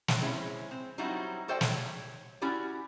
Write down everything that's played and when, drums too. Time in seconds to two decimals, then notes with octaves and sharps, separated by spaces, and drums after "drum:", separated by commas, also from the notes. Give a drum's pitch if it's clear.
0.08 drum: snare
0.21 G#3 C4 C#4 E4
0.71 C4
0.98 F#3 G3 C4 D#4 E4 F#4
1.48 F#4 A4 C5 D5 D#5 G5
1.61 C#5, drum: snare
2.42 C#4 E4 F#4 G4 D5